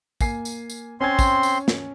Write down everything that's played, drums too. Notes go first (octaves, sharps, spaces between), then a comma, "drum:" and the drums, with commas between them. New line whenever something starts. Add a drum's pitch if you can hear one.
A#3 G#5 C7, drum: kick, tambourine
drum: tambourine
drum: tambourine
C4 C#4 G#5 C6 G#6
drum: kick, tambourine
drum: tambourine
drum: snare